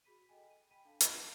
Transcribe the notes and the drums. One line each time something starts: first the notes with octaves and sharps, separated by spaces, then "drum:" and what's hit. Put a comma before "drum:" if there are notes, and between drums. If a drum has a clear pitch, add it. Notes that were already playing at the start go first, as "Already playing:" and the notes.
F#4 G#4 B5 B6 D#7
A4 D#5 G5 G#5
D#7
G5 G#5 B5 B6 D#7
D4 A4 F5 A5
D#5 G#5, drum: hi-hat